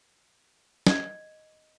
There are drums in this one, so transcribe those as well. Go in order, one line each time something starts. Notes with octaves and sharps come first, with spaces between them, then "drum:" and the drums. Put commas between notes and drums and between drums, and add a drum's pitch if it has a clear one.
D#5 G#6, drum: snare